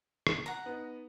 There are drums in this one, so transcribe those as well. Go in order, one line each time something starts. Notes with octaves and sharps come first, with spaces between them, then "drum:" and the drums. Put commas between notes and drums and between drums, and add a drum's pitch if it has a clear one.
drum: rim click
F#5 A#5
B3 D#4